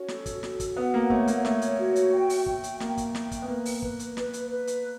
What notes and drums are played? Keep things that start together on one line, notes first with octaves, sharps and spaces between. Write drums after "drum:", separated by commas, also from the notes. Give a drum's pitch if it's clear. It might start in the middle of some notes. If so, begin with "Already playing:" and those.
Already playing: C#4 F#4
A4, drum: snare
drum: kick, hi-hat
F#4, drum: snare
drum: kick, hi-hat
B3 F#5
A#3
A3 C#5, drum: kick
A#3, drum: hi-hat
A3 C#5, drum: snare
drum: hi-hat
F#4
drum: hi-hat
G5
drum: open hi-hat
G5, drum: kick
drum: hi-hat
A#3 G5, drum: snare
drum: kick, hi-hat
G5, drum: snare
drum: kick, hi-hat
B3
A#3 B4
drum: open hi-hat
B4, drum: kick
drum: hi-hat
B4, drum: snare
drum: hi-hat
B4
drum: hi-hat